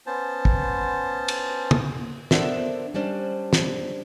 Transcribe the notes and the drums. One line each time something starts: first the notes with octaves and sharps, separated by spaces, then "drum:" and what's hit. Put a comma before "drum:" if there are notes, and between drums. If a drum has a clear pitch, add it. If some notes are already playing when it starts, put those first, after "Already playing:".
B3 C#4 C5 A5
drum: kick
drum: cymbal
drum: tom
B3 D4 A4 A#4 C5 E5, drum: snare
G3 C#4 D4 C5
drum: snare